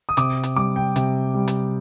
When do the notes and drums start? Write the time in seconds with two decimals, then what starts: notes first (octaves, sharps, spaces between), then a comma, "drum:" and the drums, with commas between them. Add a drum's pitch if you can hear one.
0.09 D#6
0.17 C3 D6, drum: hi-hat
0.44 drum: hi-hat
0.56 G3 D6
0.76 G5
0.96 C3, drum: hi-hat
1.34 G3
1.48 drum: hi-hat